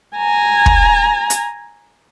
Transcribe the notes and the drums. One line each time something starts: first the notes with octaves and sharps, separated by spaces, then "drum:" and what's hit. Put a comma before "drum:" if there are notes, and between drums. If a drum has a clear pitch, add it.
G#5 A#5
drum: kick
drum: hi-hat